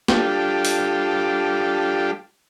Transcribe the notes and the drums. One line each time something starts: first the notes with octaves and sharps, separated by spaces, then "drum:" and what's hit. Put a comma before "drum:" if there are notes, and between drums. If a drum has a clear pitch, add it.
G3 D4 F4 G4 A4, drum: snare
drum: open hi-hat